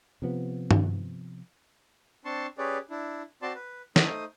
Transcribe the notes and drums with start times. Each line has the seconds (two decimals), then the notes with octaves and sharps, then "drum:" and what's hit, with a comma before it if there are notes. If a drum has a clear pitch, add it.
0.22 C3 F3 B3
0.71 drum: tom G2
2.25 C4 D4 A5 C6 C#6
2.58 C#4 G4 G#4 B4 C#5 D5
2.90 D4 E4
3.42 C4 F#4 D5 A5 C6
3.55 B4
3.96 A3 D#4 C5 D#6, drum: snare